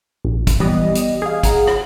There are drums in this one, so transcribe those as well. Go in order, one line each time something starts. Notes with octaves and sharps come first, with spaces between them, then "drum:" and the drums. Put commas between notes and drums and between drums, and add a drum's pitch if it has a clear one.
A#1
drum: kick, hi-hat
E3 G3 B3 D#5
drum: hi-hat
G#4 F5
F#5 A#5 D#6, drum: kick, hi-hat
drum: rim click